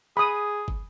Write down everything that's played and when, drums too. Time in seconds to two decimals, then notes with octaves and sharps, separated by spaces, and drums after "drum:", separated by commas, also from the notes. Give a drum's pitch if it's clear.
0.17 G#4 B5 D#6
0.68 drum: kick